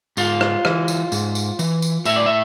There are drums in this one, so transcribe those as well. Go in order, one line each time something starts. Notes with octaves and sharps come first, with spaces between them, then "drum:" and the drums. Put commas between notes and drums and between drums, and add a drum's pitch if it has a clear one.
G#2 F4, drum: tambourine
drum: rim click
E3, drum: rim click
drum: tambourine
G#2, drum: tambourine
drum: tambourine
E3, drum: tambourine
drum: tambourine
A2 E5, drum: tambourine
D5
E5